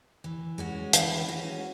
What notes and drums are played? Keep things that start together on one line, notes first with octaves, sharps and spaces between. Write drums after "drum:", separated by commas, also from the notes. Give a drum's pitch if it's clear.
E3
G#3 C#4 F#4
E3, drum: hi-hat
G#3 C#4 F#4